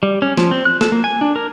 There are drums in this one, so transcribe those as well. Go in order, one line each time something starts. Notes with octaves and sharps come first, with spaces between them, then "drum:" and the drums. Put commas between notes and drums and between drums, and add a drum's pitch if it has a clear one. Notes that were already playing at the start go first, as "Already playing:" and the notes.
G3
C#4
F3, drum: snare
C4
F#6
A4, drum: snare
A#3
G#5
D4
A#4